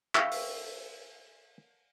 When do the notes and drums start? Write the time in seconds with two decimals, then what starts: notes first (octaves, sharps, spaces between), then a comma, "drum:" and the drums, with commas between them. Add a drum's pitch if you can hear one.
0.15 E5 F5 G5 C#6, drum: clap
0.31 drum: open hi-hat